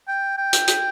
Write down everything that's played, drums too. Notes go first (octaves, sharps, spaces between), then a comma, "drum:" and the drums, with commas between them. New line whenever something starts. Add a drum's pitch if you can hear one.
G5
G5
drum: hi-hat
drum: hi-hat